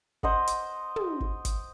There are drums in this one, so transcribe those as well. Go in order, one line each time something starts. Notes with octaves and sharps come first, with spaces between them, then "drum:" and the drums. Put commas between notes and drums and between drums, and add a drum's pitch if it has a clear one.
C5 D#5 F#5, drum: kick G1
drum: hi-hat
drum: tom
drum: kick G1
drum: kick G1, hi-hat